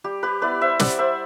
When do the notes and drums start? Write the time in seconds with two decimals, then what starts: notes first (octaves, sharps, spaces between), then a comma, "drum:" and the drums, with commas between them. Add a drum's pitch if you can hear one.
0.04 G3 G4
0.23 G4 B4
0.42 B3 E4 B4 D5
0.61 C5 E5
0.80 G3 D5 F#5, drum: snare
0.99 C5 E5